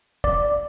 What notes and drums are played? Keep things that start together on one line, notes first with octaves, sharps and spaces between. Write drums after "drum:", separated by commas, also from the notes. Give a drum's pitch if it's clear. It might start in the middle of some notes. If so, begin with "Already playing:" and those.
D5, drum: kick